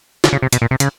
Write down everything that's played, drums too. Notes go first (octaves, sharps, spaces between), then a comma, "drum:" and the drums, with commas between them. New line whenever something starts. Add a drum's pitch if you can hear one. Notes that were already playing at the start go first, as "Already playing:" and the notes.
D3, drum: snare
C#3
C3
B2, drum: hi-hat
A#2
C3
C#3, drum: hi-hat